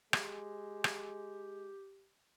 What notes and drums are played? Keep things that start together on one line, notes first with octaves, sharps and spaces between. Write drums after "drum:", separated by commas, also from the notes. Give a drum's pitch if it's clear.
G#3 G4, drum: rim click
drum: rim click